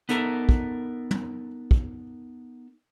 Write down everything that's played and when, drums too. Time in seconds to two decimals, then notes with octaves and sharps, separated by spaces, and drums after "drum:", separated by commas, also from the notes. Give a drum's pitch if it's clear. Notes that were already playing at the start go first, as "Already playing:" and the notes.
0.09 B3 D#4 A4 A#4, drum: hi-hat
0.49 drum: kick
1.11 drum: tom
1.71 drum: kick